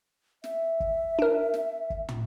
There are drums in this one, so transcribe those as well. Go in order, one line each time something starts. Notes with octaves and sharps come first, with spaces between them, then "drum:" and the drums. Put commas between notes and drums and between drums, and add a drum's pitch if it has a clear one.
E5, drum: snare
drum: kick
D4 A#4
drum: snare
drum: kick
drum: tom